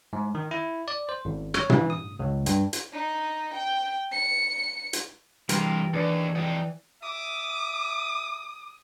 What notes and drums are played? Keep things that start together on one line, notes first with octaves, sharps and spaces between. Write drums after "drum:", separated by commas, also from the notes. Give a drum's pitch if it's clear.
G#2
D#3
E4
D5
C5
G#1
C#5, drum: rim click
E3, drum: tom
D#6
C#2
G2, drum: hi-hat
drum: hi-hat
D#4
G5
C#7
drum: hi-hat
G2 C3 E3 G3 F4 A#4 G5, drum: hi-hat
D#2 D4 G#4 A4 B4 D5
F2 D#4 D5 G5
E5 D6 D#6